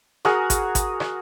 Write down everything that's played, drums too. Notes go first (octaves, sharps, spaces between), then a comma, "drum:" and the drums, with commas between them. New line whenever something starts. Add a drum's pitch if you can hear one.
F#4 G#4 A#4 D#6, drum: rim click
drum: kick G#1, hi-hat
drum: kick G#1, hi-hat
drum: rim click